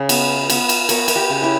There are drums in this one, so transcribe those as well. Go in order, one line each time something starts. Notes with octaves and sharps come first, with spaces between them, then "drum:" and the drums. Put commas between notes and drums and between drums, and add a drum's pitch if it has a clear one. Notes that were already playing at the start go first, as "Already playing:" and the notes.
Already playing: C#3 B4
B3, drum: cymbal
B3, drum: cymbal
drum: cymbal
B3 A#4 C#5, drum: cymbal
A#4, drum: cymbal
G4 B4
C#3
E4 G4